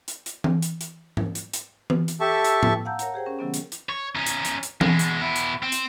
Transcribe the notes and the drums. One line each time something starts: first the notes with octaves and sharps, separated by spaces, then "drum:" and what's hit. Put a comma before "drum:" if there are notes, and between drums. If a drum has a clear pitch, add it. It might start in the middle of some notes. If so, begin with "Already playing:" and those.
drum: hi-hat
drum: hi-hat
drum: tom E3
drum: hi-hat
drum: hi-hat
drum: tom G#2
drum: hi-hat
drum: hi-hat
drum: tom E3
drum: hi-hat
G4 A4 E5 A5 C#6
drum: hi-hat
drum: tom A2
F5 F#5 A5 A#5 E6 G6
A#4 C#5 F#5 A#5, drum: hi-hat
G4 G#4 C5 G5
C#4 A#4
C3 D#3 F#3 B3 C#4
drum: hi-hat
drum: hi-hat
C#5
C#4 D#4
drum: hi-hat
drum: hi-hat
drum: hi-hat
B2 G#3, drum: tom E3
drum: hi-hat
B2 E4
drum: hi-hat
C4
drum: hi-hat